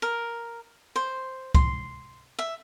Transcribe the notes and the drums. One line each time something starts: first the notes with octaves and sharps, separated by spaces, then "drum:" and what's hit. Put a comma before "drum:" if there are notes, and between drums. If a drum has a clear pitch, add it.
A#4
C5
C6, drum: kick C2
E5